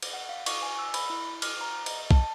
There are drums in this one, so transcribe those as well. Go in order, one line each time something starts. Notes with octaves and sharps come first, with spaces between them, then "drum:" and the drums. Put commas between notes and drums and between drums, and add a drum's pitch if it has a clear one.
drum: cymbal
F#5
F5
C#6, drum: cymbal
G#5
E6
B5, drum: cymbal
E4
F6, drum: cymbal
A#5
D#5, drum: cymbal
A5, drum: kick B1